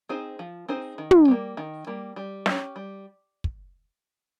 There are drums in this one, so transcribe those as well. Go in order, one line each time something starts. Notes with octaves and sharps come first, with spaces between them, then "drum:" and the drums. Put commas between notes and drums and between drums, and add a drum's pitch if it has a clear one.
C4 D#4 G#4 C5
F3
C4 D#4 G#4 C5
D#3
drum: tom
G3 A#3
D#3
G3 A#3
G3
C#4 G4, drum: snare
G3
drum: kick